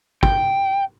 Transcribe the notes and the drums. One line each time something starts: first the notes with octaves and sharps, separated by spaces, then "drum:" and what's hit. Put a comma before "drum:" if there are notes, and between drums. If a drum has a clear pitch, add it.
G5, drum: kick